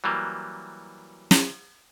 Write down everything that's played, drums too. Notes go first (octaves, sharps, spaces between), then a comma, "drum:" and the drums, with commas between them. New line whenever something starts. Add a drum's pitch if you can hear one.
E3 F#3 G3 A#3
drum: snare